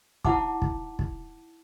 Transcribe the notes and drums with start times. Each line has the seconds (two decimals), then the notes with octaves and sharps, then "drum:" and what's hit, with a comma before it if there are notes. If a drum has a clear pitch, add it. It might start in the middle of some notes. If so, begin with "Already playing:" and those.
0.25 D#4 E4 E5 F#5 A5 D6, drum: kick
0.62 drum: kick
0.99 drum: kick